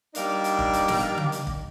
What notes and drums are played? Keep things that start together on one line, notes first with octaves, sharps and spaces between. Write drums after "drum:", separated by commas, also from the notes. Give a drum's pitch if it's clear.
G3 A#3 D4 D#4, drum: hi-hat
drum: hi-hat
drum: kick
drum: hi-hat
drum: snare
drum: tom C#3
drum: hi-hat
drum: kick